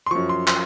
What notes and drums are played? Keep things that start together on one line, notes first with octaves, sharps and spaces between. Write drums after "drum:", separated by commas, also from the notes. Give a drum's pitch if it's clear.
C6
F#2 F3 C#6
C6
C6, drum: clap